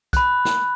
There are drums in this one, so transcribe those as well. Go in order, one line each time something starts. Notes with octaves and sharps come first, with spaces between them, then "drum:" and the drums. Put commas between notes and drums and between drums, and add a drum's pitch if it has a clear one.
B5 F#6, drum: kick, hi-hat
drum: snare